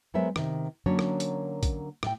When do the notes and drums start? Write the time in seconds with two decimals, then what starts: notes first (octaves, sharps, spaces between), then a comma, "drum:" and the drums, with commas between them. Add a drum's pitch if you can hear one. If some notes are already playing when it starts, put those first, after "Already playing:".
0.14 F#3 G#3 B3 A#4 C5 E5
0.36 C3 D#3, drum: rim click
0.86 D3 F#3 A#3 C#4 D4 C#5
0.99 drum: rim click
1.20 drum: hi-hat
1.63 drum: kick, hi-hat
2.03 A2 G5, drum: rim click